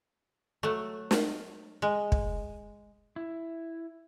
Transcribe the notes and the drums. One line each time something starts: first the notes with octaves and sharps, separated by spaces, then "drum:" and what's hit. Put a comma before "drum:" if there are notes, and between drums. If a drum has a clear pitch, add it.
F#3 A3
drum: snare
G#3
drum: kick
E4